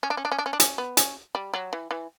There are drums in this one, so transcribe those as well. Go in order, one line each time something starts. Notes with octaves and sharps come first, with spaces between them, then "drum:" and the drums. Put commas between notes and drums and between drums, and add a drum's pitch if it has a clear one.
C#4
D4
C#4
D4
C#4
D4
C#4
D4
C#4, drum: hi-hat
B3
C#4, drum: hi-hat
G3
F#3
E3
E3